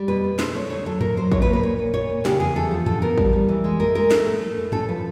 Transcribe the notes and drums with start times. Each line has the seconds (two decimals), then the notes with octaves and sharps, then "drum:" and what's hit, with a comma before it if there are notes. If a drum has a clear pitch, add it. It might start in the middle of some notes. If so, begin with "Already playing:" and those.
Already playing: G3
0.08 B2 B4
0.24 B2
0.39 A3 C5, drum: snare
0.55 A3 C#5
0.70 D2 C#5
0.86 F#3 A4
1.01 A2 A#4, drum: tom G2
1.17 F#3 C5
1.32 A2 C#5, drum: kick
1.42 B4
1.47 A#3
1.53 B4
1.63 A#2 C#5
1.79 A#2
1.93 A#2 C#5
2.10 A#2
2.25 C#3 G4, drum: snare
2.40 E2 G#4
2.56 A3 A4
2.71 F3
2.86 D3 A4, drum: tom G2
3.02 B3 A#4
3.18 G3, drum: kick
3.33 G3
3.49 E3
3.64 G#3
3.80 A2 A#4
3.95 G#3 A#4
4.11 A3, drum: snare
4.26 A2
4.41 A3
4.58 A2
4.72 C#4 A4, drum: tom G2
4.89 F3 B4